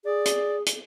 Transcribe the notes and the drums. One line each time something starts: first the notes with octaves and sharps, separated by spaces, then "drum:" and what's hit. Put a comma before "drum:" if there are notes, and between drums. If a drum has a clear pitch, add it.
G#4 D5
drum: hi-hat
drum: hi-hat